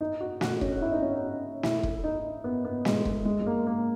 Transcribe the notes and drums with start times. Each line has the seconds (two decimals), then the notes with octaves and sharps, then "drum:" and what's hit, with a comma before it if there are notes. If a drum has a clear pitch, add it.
0.01 D#4
0.21 F#4
0.41 F#4, drum: snare
0.61 C#4, drum: kick
0.82 E4
0.92 D#4
1.02 C#4
1.13 D#4
1.63 E4, drum: snare
1.83 drum: kick
2.04 D#4
2.44 B3
2.65 B3
2.85 G#3, drum: snare
3.05 drum: kick
3.25 G#3
3.41 G#3
3.46 A#3
3.67 A#3